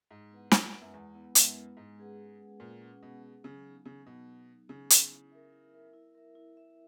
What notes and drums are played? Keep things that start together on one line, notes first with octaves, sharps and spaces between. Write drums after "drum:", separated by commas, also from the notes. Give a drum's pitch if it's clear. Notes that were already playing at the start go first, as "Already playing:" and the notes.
G#2 G#3
B3 E4 B4 F#5
G#3, drum: snare
B3 E4 B4 F#5
F#2
E2 G#3
B3 E4 B4 F#5
F#2 G#3, drum: hi-hat
B3 E4 B4 F#5
G#2 G#3
C#4 G#4 B4 F#5
G#3
C#4 G#4 B4 F#5
A#2 G#3
C#4 G#4 B4 F#5
B2 G#3
C#4 G#4 B4 F#5
C#3 F#3
B3 D#4
C#3 F#3
B2 B3 D#4
F#3
B3 D#4
C#3 F#3
B3 D#4, drum: hi-hat
E4
A#4 E5
E4
A#4 E5
E4
A#4 E5
E4
A#4 E5